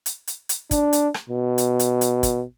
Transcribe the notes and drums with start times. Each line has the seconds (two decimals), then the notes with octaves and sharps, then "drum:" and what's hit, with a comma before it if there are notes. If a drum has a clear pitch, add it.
0.06 drum: hi-hat
0.27 drum: hi-hat
0.49 drum: hi-hat
0.71 D4, drum: kick, hi-hat
0.93 drum: hi-hat
1.14 drum: rim click
1.29 B2
1.58 drum: hi-hat
1.79 drum: hi-hat
2.01 drum: hi-hat
2.23 drum: kick, hi-hat